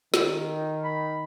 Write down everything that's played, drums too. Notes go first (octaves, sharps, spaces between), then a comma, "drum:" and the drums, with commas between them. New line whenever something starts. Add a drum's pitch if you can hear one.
D#3, drum: snare
B5